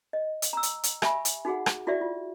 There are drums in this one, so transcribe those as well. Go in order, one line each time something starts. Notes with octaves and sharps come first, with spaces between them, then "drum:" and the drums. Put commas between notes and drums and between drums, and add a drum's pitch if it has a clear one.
D#5
drum: hi-hat
A#5 E6
drum: hi-hat
drum: hi-hat
G4 E5 G#5 B5, drum: rim click
drum: hi-hat
D#4 F#4 G#4 F#5
drum: rim click
E4 F#4 G4 D5 E5
F4